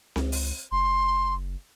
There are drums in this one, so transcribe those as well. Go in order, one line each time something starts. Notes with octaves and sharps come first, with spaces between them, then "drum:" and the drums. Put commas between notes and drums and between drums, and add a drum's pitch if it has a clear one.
C#2, drum: snare C4
drum: open hi-hat
F#1 C6